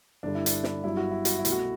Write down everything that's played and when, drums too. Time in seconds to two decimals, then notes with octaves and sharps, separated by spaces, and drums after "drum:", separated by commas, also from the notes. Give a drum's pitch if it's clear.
0.23 G1 G2 D3 D4
0.35 E4
0.46 D4, drum: hi-hat
0.64 drum: snare
0.84 G1 G2 F#3 E4
0.97 F#4
1.11 E4
1.25 F#4, drum: hi-hat
1.39 E4
1.45 C2 B2 A3, drum: hi-hat
1.52 F#4